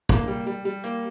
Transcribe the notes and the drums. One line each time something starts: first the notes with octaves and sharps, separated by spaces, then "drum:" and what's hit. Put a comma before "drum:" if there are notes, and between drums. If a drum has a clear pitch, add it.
A#3, drum: kick
G3
G3
G3
A#3